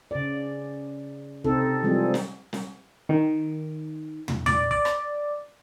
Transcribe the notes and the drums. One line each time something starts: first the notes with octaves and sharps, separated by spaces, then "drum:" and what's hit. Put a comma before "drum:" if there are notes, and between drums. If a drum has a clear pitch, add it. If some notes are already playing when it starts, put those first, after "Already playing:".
C#3 D5
C3 C4 D#4 A4, drum: kick
E3 F3 G3 G#3 C4 G#4
drum: snare
drum: snare
D#3
drum: tom
D5, drum: tom
D5, drum: kick
drum: rim click